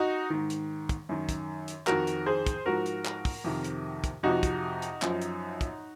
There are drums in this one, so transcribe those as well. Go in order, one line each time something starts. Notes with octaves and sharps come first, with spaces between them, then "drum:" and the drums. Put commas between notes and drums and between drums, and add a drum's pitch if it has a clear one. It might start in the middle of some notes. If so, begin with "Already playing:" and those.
Already playing: D#4 F#4
G#2 D#3
drum: hi-hat
drum: kick, hi-hat
F#2 D#3
drum: kick, hi-hat
drum: hi-hat
F2 D#3 F#4 A#4, drum: clap
drum: hi-hat
G#4 C5
drum: kick, hi-hat
G#2 F3 F#4 A#4
drum: hi-hat
drum: clap
drum: kick, open hi-hat
F2 C3 D#3
drum: hi-hat
drum: kick, hi-hat
F2 C3 F3 D#4 F#4
drum: kick, hi-hat
drum: hi-hat
F#2 F3, drum: clap
drum: hi-hat
drum: kick, hi-hat